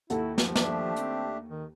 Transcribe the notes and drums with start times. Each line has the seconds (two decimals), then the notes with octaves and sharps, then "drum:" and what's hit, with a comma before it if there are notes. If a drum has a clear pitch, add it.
0.10 D#2 E4 A4 F#5, drum: hi-hat
0.38 F3, drum: snare
0.55 A3 D4 G4, drum: snare
0.96 C4, drum: hi-hat
1.49 D#3